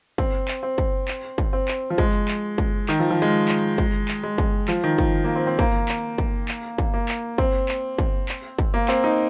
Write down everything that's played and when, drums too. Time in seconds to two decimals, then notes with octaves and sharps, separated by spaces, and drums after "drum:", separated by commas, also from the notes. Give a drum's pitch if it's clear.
0.18 C4, drum: kick
0.48 drum: clap
0.63 C4
0.78 drum: kick
1.08 drum: clap
1.38 drum: kick
1.53 C4
1.68 drum: clap
1.90 F3
1.98 G#3, drum: kick
2.28 drum: clap
2.58 drum: kick
2.89 D#3, drum: clap
3.00 F3
3.10 F3
3.22 G#3
3.48 drum: clap
3.78 drum: kick
4.08 drum: clap
4.23 G#3
4.38 drum: kick
4.68 F3, drum: clap
4.84 D#3
4.98 F3, drum: kick
5.24 A#3
5.36 C4
5.47 C4
5.59 A#3, drum: kick
5.88 drum: clap
6.18 drum: kick
6.48 drum: clap
6.78 drum: kick
6.94 A#3
7.08 drum: clap
7.38 C4, drum: kick
7.68 drum: clap
7.98 drum: kick
8.29 drum: clap
8.59 drum: kick
8.74 A#3
8.88 C4, drum: clap
9.04 D#4